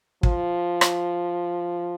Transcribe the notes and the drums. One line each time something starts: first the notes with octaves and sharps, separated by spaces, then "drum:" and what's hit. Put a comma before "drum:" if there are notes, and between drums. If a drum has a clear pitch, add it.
F3, drum: kick
drum: rim click